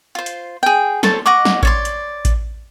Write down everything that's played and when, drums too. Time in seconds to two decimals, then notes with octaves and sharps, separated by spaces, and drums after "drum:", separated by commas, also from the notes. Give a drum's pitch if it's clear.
0.15 F4 C5
0.26 drum: hi-hat
0.63 G#4 G5
1.03 A4 C5 C#5 A5, drum: snare
1.26 D#5 F#5 C#6 D6
1.45 drum: snare
1.63 C#5 D5 C6, drum: kick A1
1.85 drum: hi-hat
2.25 drum: kick A1, hi-hat